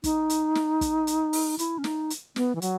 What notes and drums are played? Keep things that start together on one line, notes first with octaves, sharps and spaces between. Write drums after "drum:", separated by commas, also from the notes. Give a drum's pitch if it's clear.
D#4, drum: kick, hi-hat
drum: hi-hat
drum: snare
drum: kick, hi-hat
drum: hi-hat
drum: open hi-hat
E4, drum: hi-hat
C#4
D#4, drum: snare
drum: hi-hat
B3, drum: snare
E3
F#3, drum: hi-hat